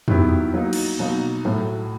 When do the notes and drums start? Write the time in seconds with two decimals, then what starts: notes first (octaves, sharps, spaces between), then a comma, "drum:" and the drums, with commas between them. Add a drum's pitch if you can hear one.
0.08 D#3 F#3 B3 E4 G4, drum: tom
0.54 F#3 A#3 D#4
0.73 drum: cymbal
0.99 B2 F#3 A#3 D#4
1.45 A2 F#3 A3